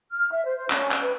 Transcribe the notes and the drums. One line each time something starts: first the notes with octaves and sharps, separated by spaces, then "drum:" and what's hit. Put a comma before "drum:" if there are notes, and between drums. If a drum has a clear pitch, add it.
F6
E5
C5
C5
C#4, drum: clap
drum: clap
B4